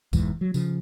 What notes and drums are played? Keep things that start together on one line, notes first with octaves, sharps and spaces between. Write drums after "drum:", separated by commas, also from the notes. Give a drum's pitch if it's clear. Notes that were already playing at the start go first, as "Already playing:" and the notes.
E1 E2 G#2 E3, drum: kick, tambourine
F#3
C#3 F3, drum: tambourine